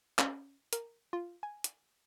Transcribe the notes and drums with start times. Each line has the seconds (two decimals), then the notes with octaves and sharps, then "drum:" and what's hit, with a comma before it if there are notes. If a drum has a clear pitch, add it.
0.19 C#4, drum: clap
0.73 A#4, drum: hi-hat
1.13 F4
1.43 G#5
1.64 drum: hi-hat